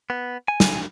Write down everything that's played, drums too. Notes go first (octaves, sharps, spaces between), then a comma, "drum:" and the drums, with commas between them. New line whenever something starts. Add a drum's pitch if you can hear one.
B3
G#5
drum: snare